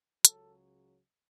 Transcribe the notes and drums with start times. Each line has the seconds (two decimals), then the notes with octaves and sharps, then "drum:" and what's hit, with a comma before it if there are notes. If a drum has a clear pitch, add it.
0.25 C#2 C#3 F#3 A4, drum: hi-hat